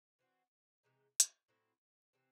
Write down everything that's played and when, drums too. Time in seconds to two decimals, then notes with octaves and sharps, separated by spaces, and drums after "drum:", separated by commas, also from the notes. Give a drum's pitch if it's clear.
0.19 E3 C4 F#4
0.83 C3 E3 G#3 D#4
1.20 drum: hi-hat
1.48 A2 F#3 C4 E4
2.13 C3 E3 C4